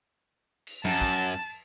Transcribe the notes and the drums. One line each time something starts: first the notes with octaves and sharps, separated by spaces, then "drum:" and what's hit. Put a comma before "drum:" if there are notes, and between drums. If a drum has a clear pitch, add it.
drum: cymbal
F#2 A5, drum: tom F3
drum: kick